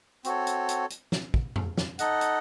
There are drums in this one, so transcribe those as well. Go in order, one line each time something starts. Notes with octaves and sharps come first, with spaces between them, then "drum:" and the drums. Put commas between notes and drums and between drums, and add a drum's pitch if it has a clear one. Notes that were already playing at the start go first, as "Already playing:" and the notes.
C4 F#4 A4 C#5, drum: hi-hat
drum: hi-hat
drum: hi-hat
drum: hi-hat
drum: snare
drum: kick
drum: tom F2
drum: snare
D#4 A4 D#5 F#5, drum: hi-hat
drum: hi-hat